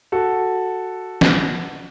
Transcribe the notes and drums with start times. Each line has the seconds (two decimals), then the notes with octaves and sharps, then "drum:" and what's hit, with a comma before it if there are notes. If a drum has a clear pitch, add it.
0.12 F#4 A4
1.21 drum: snare